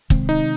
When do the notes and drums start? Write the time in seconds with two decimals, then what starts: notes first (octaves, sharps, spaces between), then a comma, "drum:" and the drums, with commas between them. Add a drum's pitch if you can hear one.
0.10 C3 D#3 G#3 C4, drum: kick
0.29 D#4